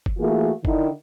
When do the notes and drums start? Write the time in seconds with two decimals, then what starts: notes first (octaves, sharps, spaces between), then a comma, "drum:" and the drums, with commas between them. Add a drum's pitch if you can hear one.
0.06 drum: kick F#1
0.19 E3 A3 A#3 F4 F#4 G#4
0.65 D3 D#3 E4, drum: kick F#1